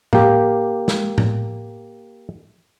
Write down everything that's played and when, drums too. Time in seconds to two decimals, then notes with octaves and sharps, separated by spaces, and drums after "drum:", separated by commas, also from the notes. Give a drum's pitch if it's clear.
0.13 A#3 G4, drum: tom A2
0.88 drum: snare
1.18 drum: tom A2